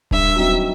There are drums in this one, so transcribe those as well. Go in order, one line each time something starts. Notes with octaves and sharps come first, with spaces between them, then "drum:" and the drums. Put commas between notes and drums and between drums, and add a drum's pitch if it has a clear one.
G2 E5, drum: kick D#1
F#3 C4 D#4